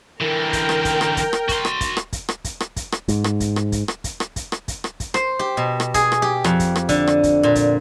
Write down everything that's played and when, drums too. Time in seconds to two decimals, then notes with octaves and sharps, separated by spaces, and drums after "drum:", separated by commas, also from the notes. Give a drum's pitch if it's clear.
0.21 D3 E3 A#4 G5
0.53 drum: kick, hi-hat
0.69 drum: rim click
0.85 drum: kick, hi-hat
1.01 drum: rim click
1.17 drum: kick, hi-hat
1.33 drum: rim click
1.49 F#4 C6, drum: kick, hi-hat
1.65 drum: rim click
1.81 drum: kick, hi-hat
1.97 drum: rim click
2.13 drum: kick, hi-hat
2.29 drum: rim click
2.44 drum: kick, hi-hat
2.60 drum: rim click
2.76 drum: kick, hi-hat
2.92 drum: rim click
3.08 G#2, drum: kick, hi-hat
3.24 drum: rim click
3.40 drum: kick, hi-hat
3.56 drum: rim click
3.72 drum: kick, hi-hat
3.88 drum: rim click
4.04 drum: kick, hi-hat
4.20 drum: rim click
4.36 drum: kick, hi-hat
4.52 drum: rim click
4.68 drum: kick, hi-hat
4.84 drum: rim click
5.00 drum: kick, hi-hat
5.14 C5, drum: rim click
5.39 G4
5.57 B2
5.80 drum: rim click
5.94 G#4, drum: kick, hi-hat
6.12 drum: rim click
6.22 G4
6.44 F2, drum: rim click
6.60 drum: kick, hi-hat
6.76 drum: rim click
6.89 D3, drum: kick, hi-hat
7.07 drum: rim click
7.23 drum: kick, hi-hat
7.43 A#2
7.55 drum: kick, hi-hat